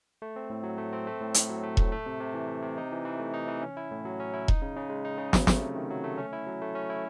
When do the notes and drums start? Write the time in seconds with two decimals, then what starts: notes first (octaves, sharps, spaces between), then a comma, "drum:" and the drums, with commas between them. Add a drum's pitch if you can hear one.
0.22 A3
0.36 C4
0.50 A2
0.63 F#3
0.78 A3
0.93 C4
1.07 A3
1.20 A2
1.34 A2, drum: hi-hat
1.49 F#3
1.63 A3
1.77 A2, drum: kick E1
1.92 A3
2.06 C3
2.20 C3
2.34 E3
2.48 A3
2.63 C3
2.78 D#4
2.92 E3
3.05 E3
3.19 A3
3.34 D#4
3.48 E3
3.62 C#4
3.77 E4
3.91 A2
4.05 F#3
4.20 C#4
4.33 E4
4.48 D#4, drum: kick E1
4.62 C#3
4.76 C#3
4.90 G#3
5.05 D#4
5.18 C#3
5.33 F#3, drum: snare
5.47 A3, drum: snare
5.61 C3
5.75 D#3
5.90 F#3
6.04 A3
6.18 C#4
6.33 E4
6.47 F#3
6.61 A3
6.75 C#4
6.90 E4